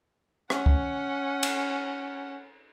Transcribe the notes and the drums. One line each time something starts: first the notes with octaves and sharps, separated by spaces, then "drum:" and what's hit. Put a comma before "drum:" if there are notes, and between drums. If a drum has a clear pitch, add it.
C#4 F#5, drum: rim click
drum: kick
drum: cymbal